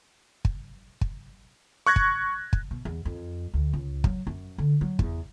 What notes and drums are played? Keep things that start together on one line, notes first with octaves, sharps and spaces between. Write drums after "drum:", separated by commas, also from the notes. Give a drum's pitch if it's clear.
drum: kick
drum: kick
C#6 F#6 G#6 A#6
drum: kick
drum: kick
B2
E2
F2
D2
C#2
F#3, drum: kick
F#2
D3
F#3
E2, drum: kick